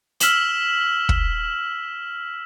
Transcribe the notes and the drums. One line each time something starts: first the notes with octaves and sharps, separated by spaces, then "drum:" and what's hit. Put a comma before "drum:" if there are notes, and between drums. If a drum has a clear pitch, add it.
E6 F6 B6 E7 F#7 G7, drum: hi-hat
drum: kick